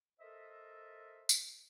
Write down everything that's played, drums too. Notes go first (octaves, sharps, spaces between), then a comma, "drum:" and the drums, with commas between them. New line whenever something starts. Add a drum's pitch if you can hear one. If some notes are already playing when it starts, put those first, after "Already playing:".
A4 A#4 C5 D#5 E5
drum: tambourine